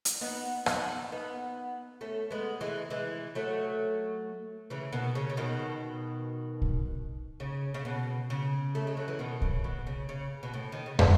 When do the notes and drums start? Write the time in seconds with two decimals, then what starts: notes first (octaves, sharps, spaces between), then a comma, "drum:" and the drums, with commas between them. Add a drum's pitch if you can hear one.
0.05 drum: hi-hat
0.21 B3 D#4
0.66 B3 D#4, drum: rim click
1.12 B3 D#4
2.01 A3 C#4
2.31 G#3 B3
2.61 E3 G#3
2.90 E3 G#3
3.35 F#3 A3
4.70 C#3 E3
4.93 B2 D#3
5.15 C#3
5.30 C#3
5.37 B2 D#3
6.62 drum: kick A#1
7.40 C#3
7.74 C#3
7.85 B2
8.30 C#3
8.75 A3
8.87 G#3
8.97 F#3
9.08 E3
9.19 B2 D#3
9.42 C#3, drum: kick A#1
9.64 B2
9.87 C#3
10.09 C#3
10.43 B2
10.54 A2
10.72 D#3
10.86 C#3
10.99 B2, drum: tom